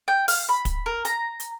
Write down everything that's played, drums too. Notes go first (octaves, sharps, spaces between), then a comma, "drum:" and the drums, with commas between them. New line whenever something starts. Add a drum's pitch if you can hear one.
G5
F5, drum: open hi-hat
B5
drum: kick, hi-hat
A#4
A#5, drum: hi-hat
drum: hi-hat